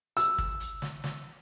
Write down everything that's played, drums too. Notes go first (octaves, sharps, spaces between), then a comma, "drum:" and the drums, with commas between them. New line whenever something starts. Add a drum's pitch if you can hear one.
E6, drum: hi-hat
drum: kick
drum: hi-hat
drum: snare
drum: snare